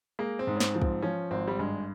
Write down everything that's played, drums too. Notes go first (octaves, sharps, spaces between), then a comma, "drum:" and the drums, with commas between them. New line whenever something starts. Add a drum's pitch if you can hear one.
G#3 A#3
C4
G#2
C#4
C4, drum: snare
F3
C4, drum: kick
F3 C#4
G#1 C4
G3
G2 G#3